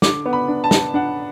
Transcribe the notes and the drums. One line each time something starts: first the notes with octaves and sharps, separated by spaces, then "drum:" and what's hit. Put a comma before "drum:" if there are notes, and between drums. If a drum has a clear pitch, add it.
D3 D6, drum: snare
B3
B5
D4
A5
D4, drum: snare
D4 F#5